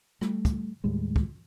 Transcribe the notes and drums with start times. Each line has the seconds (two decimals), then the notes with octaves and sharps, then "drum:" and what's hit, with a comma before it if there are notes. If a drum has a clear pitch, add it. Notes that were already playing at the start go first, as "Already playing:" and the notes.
0.21 G3 A3, drum: rim click
0.45 drum: kick, hi-hat
0.84 D#2 A2 G3 G#3
1.16 drum: kick